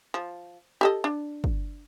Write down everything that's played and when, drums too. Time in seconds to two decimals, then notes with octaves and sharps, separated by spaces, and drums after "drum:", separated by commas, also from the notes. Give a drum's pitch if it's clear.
0.14 F3
0.81 G4 A4 D#5
1.04 D4
1.44 drum: kick